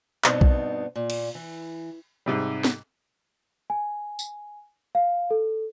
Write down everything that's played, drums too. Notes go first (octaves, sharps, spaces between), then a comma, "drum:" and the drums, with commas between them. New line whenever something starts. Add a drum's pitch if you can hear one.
G2 B2 B3 C4 D#4, drum: clap
drum: kick
A#2
drum: cymbal
E3
G#2 C3 G3
drum: snare
G#5
drum: tambourine
F5
A4